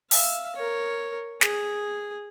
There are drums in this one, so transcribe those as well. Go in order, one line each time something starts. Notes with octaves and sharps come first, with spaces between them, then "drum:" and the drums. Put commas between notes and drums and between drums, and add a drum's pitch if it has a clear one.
E5 F5, drum: open hi-hat
A#4 C#5
G#4, drum: snare